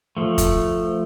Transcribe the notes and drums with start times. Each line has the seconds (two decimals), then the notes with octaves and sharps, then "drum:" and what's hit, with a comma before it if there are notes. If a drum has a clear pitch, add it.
0.17 F3 A3
0.38 drum: kick, hi-hat